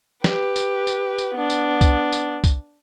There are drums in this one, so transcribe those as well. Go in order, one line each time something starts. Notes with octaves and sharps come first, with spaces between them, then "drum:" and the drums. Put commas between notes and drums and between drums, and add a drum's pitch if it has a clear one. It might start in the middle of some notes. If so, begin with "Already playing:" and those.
G4 B4, drum: snare
drum: tambourine
drum: tambourine
drum: tambourine
B3 D4
drum: tambourine
drum: kick, tambourine
drum: tambourine
drum: kick, tambourine